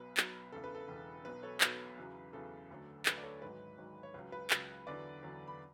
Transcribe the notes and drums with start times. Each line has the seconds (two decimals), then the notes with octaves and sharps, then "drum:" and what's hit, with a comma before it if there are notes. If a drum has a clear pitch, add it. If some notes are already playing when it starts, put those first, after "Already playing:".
Already playing: B1 B2 F#3 B4
0.17 B1 B2 F#3, drum: clap
0.52 E1 E2 C#3 A4
0.64 B4
0.75 A4
0.88 E1 E2 C#3
1.25 B1 B2 F#3 B4
1.43 A4 C#5
1.61 B1 B2 F#3 B4, drum: clap
1.97 E2 C#3 F#3
2.33 E2 C#3 F#3 A4
2.70 D2 D3 F#3
3.06 D2 D3 F#3 B4, drum: clap
3.18 D5
3.23 A4 C#5
3.42 G#1 G#2 F#3 B4
3.78 G#1 G#2 F#3
4.03 C#5
4.14 C#2 C#3 F#3 B4
4.32 B4
4.50 C#2 C#3 F#3, drum: clap
4.87 E2 D3 F#3 B4 D5
5.22 E2 D3 F#3
5.47 B5